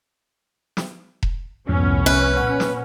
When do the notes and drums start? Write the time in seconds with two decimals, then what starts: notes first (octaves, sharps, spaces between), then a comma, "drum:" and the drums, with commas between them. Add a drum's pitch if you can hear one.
0.77 drum: snare
1.23 drum: kick E1
1.69 F1 C2 F2 G#2 B3 C#4
2.06 B4 E5
2.37 A#2 F#5
2.60 drum: snare